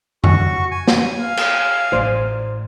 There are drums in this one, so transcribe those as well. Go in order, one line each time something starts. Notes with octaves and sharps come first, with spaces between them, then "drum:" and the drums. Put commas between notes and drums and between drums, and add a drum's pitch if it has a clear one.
F#4 C#6, drum: tom F2
G#5
drum: snare
F5
drum: cymbal
A1 C5 D5